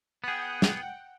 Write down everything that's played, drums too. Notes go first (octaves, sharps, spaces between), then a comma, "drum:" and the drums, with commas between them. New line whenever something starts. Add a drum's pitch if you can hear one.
B3 G#4 F#5 G5
drum: snare